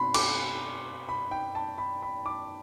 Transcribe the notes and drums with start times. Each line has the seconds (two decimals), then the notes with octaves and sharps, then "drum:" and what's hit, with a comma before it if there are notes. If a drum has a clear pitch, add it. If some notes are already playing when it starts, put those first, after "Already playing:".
Already playing: B2 C4 B5 C6
0.14 D6, drum: cymbal
1.09 B5
1.31 G5
1.55 A5
1.78 B5
2.03 B5
2.26 D6